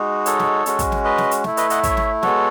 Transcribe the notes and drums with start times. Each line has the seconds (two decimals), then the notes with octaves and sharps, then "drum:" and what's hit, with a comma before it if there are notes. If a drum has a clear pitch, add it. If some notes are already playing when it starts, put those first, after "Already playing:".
Already playing: G#3 D#4 F#4
0.26 A4 C#5, drum: hi-hat
0.39 drum: snare
0.66 G#3 C#4 F#4, drum: hi-hat
0.79 drum: kick, hi-hat
0.92 drum: snare
1.05 B4 D#5
1.18 drum: snare
1.31 drum: hi-hat
1.44 A3 E4, drum: snare
1.57 B4 D#5, drum: hi-hat
1.70 D#5 F#5, drum: hi-hat
1.83 C#5 E5, drum: kick, hi-hat
1.97 drum: snare
2.23 G#3 B3 F#4 A4 C#5, drum: snare